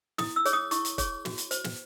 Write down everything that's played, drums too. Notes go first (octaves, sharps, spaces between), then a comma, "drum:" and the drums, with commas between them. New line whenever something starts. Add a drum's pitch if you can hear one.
E4 D#6, drum: snare
E6
G#4 C#5, drum: hi-hat
D#6
E4 C#6, drum: hi-hat
drum: hi-hat
G#4 C#5, drum: kick E1, hi-hat
F#4, drum: snare
drum: hi-hat
C5, drum: hi-hat
drum: snare